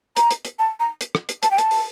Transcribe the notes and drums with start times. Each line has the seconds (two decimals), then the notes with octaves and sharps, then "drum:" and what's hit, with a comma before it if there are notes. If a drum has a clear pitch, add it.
0.16 A#5, drum: hi-hat
0.31 drum: hi-hat
0.45 drum: hi-hat
0.59 A5
0.80 A#5
1.01 drum: hi-hat
1.15 drum: rim click
1.29 drum: hi-hat
1.43 A5, drum: hi-hat
1.51 G5
1.58 A5, drum: hi-hat
1.71 drum: open hi-hat